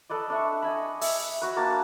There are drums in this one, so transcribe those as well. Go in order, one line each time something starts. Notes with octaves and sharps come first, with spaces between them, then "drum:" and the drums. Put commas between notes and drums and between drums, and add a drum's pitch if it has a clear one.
A4 B4 D5 D#5
D4 E5 C#6
D#5 G#5 B5
E5, drum: open hi-hat
F#4 B4
A#3 D4 F#4 A5